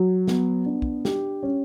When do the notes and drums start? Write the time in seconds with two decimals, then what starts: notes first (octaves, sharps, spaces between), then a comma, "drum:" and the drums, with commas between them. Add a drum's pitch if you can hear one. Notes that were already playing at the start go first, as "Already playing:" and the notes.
Already playing: F#3
0.27 B3, drum: snare
0.66 D4
0.82 drum: kick
1.05 G4, drum: snare
1.43 C#4